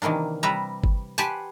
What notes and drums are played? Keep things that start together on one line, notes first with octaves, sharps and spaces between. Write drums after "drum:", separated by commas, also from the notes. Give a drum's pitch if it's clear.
C3 D#3 E3 A#3 D4
C3 G3 B4 E5 A#5
drum: kick G1
G4 B4 C5 F#5 G#5 A5, drum: hi-hat